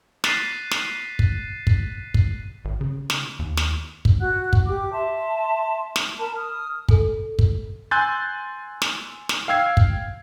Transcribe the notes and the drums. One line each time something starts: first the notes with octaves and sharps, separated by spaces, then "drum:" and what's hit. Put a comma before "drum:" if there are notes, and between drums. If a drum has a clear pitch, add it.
F#6 A6 B6 C7 D#7 E7, drum: snare
drum: snare
drum: kick
drum: kick
drum: kick
G#1
C#3
drum: snare
D#2
drum: snare
drum: kick
F#4 F#5 F#6
drum: kick
G4 D6
E5 A5 C6
drum: snare
A#4 A5 B5
D#6 F6
A4 G#5, drum: kick
drum: kick
G#5 C6 E6 F#6 G6 A6
drum: snare
drum: snare
F5 G5 E6 G#6 C7
drum: kick